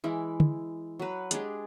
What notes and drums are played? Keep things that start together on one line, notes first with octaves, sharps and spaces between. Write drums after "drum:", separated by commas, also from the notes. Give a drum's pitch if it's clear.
E3 G#3 E4
drum: tom
F#3 B4
G#3 D4 G4 G#4, drum: hi-hat